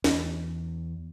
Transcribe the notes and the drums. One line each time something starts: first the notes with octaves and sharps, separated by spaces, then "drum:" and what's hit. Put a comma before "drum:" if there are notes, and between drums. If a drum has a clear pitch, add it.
E2, drum: snare